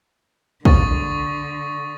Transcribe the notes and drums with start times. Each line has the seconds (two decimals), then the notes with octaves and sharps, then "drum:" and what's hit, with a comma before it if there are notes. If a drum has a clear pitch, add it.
0.65 D3 C#6 D#6 A6, drum: kick